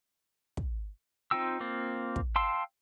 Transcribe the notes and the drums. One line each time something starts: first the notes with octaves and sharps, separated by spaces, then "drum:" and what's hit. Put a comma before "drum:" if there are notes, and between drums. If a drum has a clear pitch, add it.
drum: kick
C4 D#4 F4 G5 E6
A#3 C4 F4
drum: kick
F5 G5 A5 C6 E6